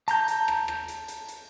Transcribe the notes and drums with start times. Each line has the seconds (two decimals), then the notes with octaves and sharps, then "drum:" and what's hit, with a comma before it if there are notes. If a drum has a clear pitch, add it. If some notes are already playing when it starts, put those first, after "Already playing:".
0.08 A5 A#5 G6, drum: hi-hat
0.28 drum: hi-hat
0.48 drum: rim click
0.68 drum: rim click
0.88 drum: hi-hat
1.08 drum: hi-hat
1.28 drum: hi-hat